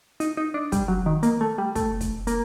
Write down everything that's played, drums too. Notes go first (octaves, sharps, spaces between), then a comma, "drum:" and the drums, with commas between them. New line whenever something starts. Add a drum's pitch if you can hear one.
D#4, drum: hi-hat
D#4
D4
G3, drum: kick, hi-hat
F#3
D#3
A#3, drum: hi-hat
A3
G3
A3, drum: kick, hi-hat
drum: kick, hi-hat
A#3, drum: hi-hat